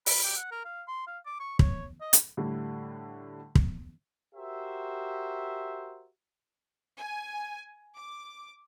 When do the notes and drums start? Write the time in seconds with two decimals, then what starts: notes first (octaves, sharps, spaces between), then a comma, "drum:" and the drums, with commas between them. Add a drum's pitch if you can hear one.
0.06 B5, drum: open hi-hat
0.24 G4
0.37 F#5
0.52 A#4
0.65 F5
0.88 C6
1.07 F5
1.26 D6
1.40 C#6
1.59 C#5, drum: kick
2.01 D#5
2.13 drum: hi-hat
2.37 A2 D3 G3
3.55 drum: kick
4.35 F#4 G4 A#4 C5 E5
6.99 G#5
7.95 D6